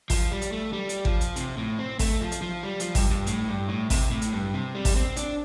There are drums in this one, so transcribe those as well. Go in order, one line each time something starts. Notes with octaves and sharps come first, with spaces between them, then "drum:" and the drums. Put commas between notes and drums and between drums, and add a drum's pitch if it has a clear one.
F3, drum: kick, open hi-hat
G3
drum: hi-hat
A3
G3
drum: hi-hat
F3, drum: kick
drum: hi-hat
C3, drum: hi-hat
A2
C4
A3, drum: kick, open hi-hat
F3
drum: hi-hat
F3
G3
F3, drum: hi-hat
G2, drum: kick, open hi-hat
G2
A2, drum: hi-hat
G2
A2
C3, drum: kick, open hi-hat
A2
drum: hi-hat
G2
C3
G3
drum: kick, open hi-hat
C4
D4, drum: hi-hat